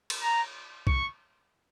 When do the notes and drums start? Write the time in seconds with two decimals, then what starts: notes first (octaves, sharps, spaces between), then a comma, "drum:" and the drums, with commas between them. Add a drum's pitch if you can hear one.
0.10 drum: cymbal
0.22 A#5
0.87 C#6, drum: kick